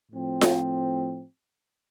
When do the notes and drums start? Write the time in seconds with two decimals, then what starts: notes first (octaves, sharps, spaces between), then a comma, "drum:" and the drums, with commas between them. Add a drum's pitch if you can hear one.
0.12 A2 F3 C4
0.41 drum: snare F4